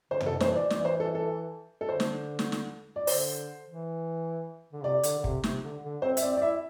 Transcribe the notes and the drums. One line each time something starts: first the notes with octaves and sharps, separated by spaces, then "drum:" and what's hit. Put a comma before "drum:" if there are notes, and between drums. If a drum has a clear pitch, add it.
D3 C5
E3, drum: tom
A4
D3
E3 C5, drum: snare
D5
E3 D5, drum: snare
C5
A4
A4
A4
D3 C5
drum: snare
drum: snare
drum: snare
D5
D3 C5, drum: open hi-hat
E3
D3
C3 D5
D3, drum: hi-hat
D3
C3, drum: kick
C3, drum: snare
D3
D3
C4 C5
E5, drum: hi-hat
C4 D5
D5
E4 E5